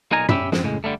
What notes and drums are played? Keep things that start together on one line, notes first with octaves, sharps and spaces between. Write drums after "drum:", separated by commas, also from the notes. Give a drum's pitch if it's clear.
B1 A#2 D#4 A#4 G#5 A#5
C#4 G4 E5 B5, drum: tom
F3 C4, drum: snare
A2 C#3 G#3
D3 G3 A3